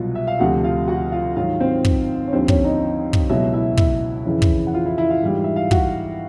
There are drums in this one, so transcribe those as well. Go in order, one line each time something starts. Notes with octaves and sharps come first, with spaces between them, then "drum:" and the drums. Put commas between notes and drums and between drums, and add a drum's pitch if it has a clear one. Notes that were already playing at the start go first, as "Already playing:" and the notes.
Already playing: C2 B2 F#3 F4
E5
F5
D2 C3 F3 F#4 F#5
F4 F5
F#4 F#5
F4 F5
G#2 D#3 F#3 F4 F5
C4 C5
drum: kick
C#5
D#2 D3 F3 C4 C5
C#4 C#5, drum: kick
D#4 D#5
drum: kick
C#2 B2 F#3 E4 E5
E4 E5
E4 E5, drum: kick
F2 C#3 E3
drum: kick
F#5
F4 F5
E4 E5
E4 E5
F4 F5
G#2 E3 G3
E5
F5
F#4 F#5, drum: kick